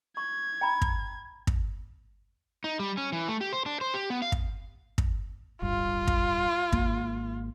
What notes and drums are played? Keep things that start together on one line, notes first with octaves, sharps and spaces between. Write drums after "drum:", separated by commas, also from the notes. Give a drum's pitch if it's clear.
C#6 G#6
G5 A#5 B5
drum: kick
drum: kick
D#4
G3
C#4
E3
A3
G4
C5
D4
C5
G4
B3
F5
drum: kick
drum: kick
D1 G1 G2 F4
drum: kick
G#1 A#3, drum: kick